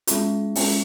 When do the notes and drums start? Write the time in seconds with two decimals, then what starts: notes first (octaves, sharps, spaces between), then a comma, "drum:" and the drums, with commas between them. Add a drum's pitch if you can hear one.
0.07 G#3 C#4 F4, drum: hi-hat
0.55 G#3 C#4 F4, drum: open hi-hat